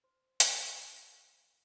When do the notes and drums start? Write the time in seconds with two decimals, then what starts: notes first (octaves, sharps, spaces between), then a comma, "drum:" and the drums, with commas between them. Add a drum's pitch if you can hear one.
0.04 C5 C6
0.40 drum: hi-hat